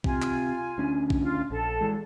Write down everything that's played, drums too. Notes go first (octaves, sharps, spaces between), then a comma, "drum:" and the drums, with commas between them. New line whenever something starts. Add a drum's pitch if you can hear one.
C3 F4 G#5, drum: kick
drum: clap
D2 C#4 D4
drum: kick
F4
A#1 A4
E3 G#3